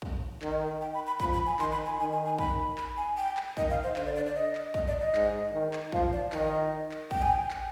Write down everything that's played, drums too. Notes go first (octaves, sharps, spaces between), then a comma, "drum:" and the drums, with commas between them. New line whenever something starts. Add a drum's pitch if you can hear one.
drum: kick
D#3, drum: clap
G5
B5
B5
F3 B5, drum: kick
B5
G#5
D#3 C6, drum: clap
B5
G#5
D#3 G#5
G#5
G#5
B5, drum: kick
B5, drum: clap
G#5
G5
drum: clap
D#3 D#5, drum: kick
F5
C5
D3 C5, drum: clap
D5
D5
D5
D#5
drum: clap
D#5, drum: kick
D5
D#5
G#2, drum: clap
D#3
drum: clap
F3 F5, drum: kick
D5
D#3 D#5, drum: clap
drum: clap
G5, drum: kick
G#5
G5
drum: clap